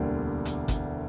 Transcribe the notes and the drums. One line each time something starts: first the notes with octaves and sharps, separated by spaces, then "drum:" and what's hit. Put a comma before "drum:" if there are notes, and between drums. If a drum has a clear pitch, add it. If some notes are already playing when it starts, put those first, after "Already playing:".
Already playing: E1 D2 D3 G3 A#3
drum: hi-hat
drum: kick G1, hi-hat